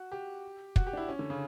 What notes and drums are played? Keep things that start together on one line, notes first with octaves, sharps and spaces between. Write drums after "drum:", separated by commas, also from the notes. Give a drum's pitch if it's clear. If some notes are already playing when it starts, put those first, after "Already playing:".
Already playing: F#4
G4
F#4, drum: kick
G4
D4
E4
C#4
D3
C#3